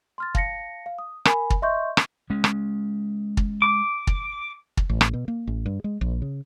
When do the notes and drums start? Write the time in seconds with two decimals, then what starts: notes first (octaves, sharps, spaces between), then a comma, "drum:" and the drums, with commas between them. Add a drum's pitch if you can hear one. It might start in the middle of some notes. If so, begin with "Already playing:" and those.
0.18 C6 F6 A6
0.35 F5 A5 A#6 C#7, drum: kick
0.86 F5
0.99 D#6
1.25 A#4 G#5 B5, drum: rim click
1.50 drum: kick
1.62 D#5 E5 C6 C#6 G6
1.97 drum: rim click
2.30 G#3 C#4
2.44 drum: rim click
3.37 drum: kick
3.62 D6
4.07 drum: kick
4.77 drum: kick
4.89 A1
5.01 drum: rim click
5.13 B2
5.28 A#3
5.47 A1
5.66 G2
5.84 G#3
6.01 A#1
6.22 C#3